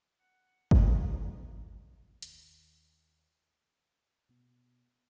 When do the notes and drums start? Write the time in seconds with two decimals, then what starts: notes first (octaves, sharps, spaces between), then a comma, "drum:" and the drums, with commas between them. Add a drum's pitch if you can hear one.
0.19 F#5
0.71 A#5, drum: kick G1
2.22 D#2, drum: hi-hat
4.29 B2 B3